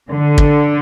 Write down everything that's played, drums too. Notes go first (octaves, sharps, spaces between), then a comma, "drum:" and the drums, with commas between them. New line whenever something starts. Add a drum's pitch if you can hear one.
D3
drum: kick